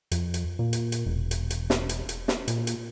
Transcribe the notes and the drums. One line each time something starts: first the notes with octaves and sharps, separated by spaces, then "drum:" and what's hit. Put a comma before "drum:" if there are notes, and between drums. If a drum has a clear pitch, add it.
F2, drum: hi-hat
drum: hi-hat
A#2
drum: hi-hat
drum: hi-hat
E1
drum: hi-hat
drum: hi-hat
drum: snare
drum: hi-hat
drum: hi-hat
drum: snare
A#2, drum: hi-hat
drum: hi-hat